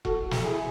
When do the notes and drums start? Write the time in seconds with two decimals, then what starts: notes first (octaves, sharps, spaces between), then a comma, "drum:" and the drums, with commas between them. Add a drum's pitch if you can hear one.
0.05 F#4 A4, drum: kick E1
0.31 drum: snare
0.44 E4 G#4